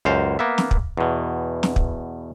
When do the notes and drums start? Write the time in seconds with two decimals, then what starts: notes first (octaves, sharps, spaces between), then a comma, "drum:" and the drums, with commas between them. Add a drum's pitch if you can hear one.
0.05 C#2 F#2 C5 F5
0.39 A#3 B3 E5
0.58 drum: snare
0.71 drum: kick
0.97 E2 B2
1.63 drum: snare
1.76 drum: kick